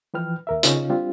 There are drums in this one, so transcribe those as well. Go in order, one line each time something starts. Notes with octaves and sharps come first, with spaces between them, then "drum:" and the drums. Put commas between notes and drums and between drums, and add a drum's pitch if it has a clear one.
E3 F3 B4 G5 F6
D#2 A#4 E5
C#3 C#4 D#4 F4, drum: hi-hat
G3 C4 D4 F4 G4